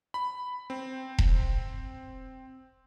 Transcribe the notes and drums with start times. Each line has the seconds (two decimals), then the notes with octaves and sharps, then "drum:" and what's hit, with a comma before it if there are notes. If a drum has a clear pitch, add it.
0.14 B5
0.70 C4
1.18 drum: kick E1